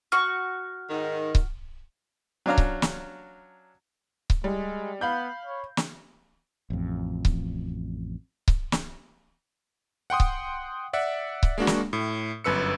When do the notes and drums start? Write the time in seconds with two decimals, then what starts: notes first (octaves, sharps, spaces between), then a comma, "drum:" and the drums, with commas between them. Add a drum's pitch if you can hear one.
0.12 F#4 C#6 F6
0.89 G#2 D#3
1.35 drum: kick C#1
2.46 F#3 C#4 D4 F5 A#5 F6
2.58 drum: kick C#1
2.82 drum: snare
4.30 drum: kick C#1
4.44 G3 G#3
5.01 B3 F5 B5 G6
5.45 C#5
5.77 drum: snare
6.70 A1 F2
7.25 drum: kick C#1
8.48 drum: kick C#1
8.72 drum: snare
10.10 F#5 G5 C6 D#6
10.20 drum: kick C#1
10.93 D5 E5 F#5
11.43 drum: kick C#1
11.58 G#3 A#3 D4 F#4
11.67 drum: snare
11.93 A2
12.44 G1 F#2 B4 E6 C#7